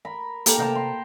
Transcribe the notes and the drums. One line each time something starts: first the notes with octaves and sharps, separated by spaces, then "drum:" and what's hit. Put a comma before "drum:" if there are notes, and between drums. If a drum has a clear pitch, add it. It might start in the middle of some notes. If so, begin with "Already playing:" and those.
A#4 B5
A#3 G4 A4 G5, drum: hi-hat
C3 A#4 F5 G5 A5 A#5
C6